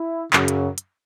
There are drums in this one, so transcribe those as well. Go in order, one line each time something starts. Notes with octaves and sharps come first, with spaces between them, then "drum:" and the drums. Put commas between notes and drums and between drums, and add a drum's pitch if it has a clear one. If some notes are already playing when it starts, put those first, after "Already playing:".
Already playing: E4
F#2 C#3 F#3, drum: clap
drum: hi-hat
drum: hi-hat